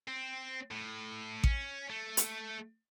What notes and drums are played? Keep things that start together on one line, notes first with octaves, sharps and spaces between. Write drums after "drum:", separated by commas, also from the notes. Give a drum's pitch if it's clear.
C4
A2
C#4, drum: kick A1
A3
drum: hi-hat